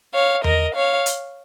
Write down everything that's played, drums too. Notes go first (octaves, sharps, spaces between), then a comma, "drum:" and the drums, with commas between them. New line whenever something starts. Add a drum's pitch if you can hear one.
C#5 F5
A#4 D#5, drum: tom E2
C#5 F5
drum: hi-hat